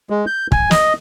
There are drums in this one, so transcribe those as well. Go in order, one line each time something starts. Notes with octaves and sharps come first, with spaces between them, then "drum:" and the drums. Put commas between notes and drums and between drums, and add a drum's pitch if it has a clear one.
G#3
G6
G#5, drum: kick
D#5, drum: snare